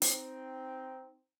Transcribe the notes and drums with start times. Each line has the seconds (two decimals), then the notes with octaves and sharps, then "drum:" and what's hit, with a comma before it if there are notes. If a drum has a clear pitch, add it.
0.02 C4 D#4, drum: hi-hat